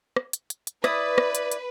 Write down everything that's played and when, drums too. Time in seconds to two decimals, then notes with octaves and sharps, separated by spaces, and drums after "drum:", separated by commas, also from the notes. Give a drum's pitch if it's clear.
0.16 drum: rim click
0.33 drum: hi-hat
0.50 drum: hi-hat
0.67 drum: hi-hat
0.84 E4 B4 D5 D#6, drum: rim click
1.18 drum: rim click
1.35 drum: hi-hat
1.51 drum: hi-hat